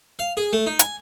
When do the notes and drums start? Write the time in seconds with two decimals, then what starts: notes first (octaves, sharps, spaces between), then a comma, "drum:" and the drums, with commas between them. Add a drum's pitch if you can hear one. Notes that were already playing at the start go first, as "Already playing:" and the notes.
0.19 F5
0.37 G#4
0.53 A3
0.66 D#4
0.79 G#5, drum: hi-hat